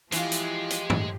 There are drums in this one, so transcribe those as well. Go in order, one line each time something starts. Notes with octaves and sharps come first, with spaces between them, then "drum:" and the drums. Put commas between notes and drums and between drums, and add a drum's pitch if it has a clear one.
E3 F3 G#3 E4 F4 G4, drum: hi-hat
drum: hi-hat
drum: hi-hat
drum: tom G2